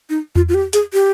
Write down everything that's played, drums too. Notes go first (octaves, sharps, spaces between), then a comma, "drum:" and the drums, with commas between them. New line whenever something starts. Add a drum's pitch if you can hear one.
D#4
F4, drum: tom E2
F4
G4
G#4, drum: hi-hat
G4